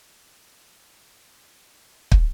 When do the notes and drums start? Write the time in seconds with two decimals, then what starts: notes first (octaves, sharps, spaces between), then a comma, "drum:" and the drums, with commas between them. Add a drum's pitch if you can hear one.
0.25 A4
0.87 F#4
1.03 F4
1.18 F#4
1.33 A4
2.12 drum: kick